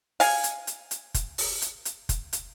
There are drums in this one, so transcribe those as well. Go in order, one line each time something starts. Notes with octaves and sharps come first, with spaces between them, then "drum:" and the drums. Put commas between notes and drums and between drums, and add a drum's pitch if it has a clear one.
F5 G#5, drum: open hi-hat
drum: hi-hat
drum: hi-hat
drum: hi-hat
drum: kick, hi-hat
drum: open hi-hat
drum: hi-hat
drum: hi-hat
drum: kick, hi-hat
drum: hi-hat